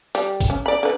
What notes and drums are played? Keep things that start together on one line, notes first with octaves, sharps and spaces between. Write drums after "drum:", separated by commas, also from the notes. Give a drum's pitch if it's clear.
G3, drum: hi-hat
drum: kick, hi-hat
C#4
D5 B5
D3 B4